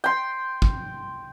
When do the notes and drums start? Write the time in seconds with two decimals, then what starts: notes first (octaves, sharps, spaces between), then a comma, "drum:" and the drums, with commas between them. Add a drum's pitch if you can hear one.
0.04 G5 C6
0.62 drum: kick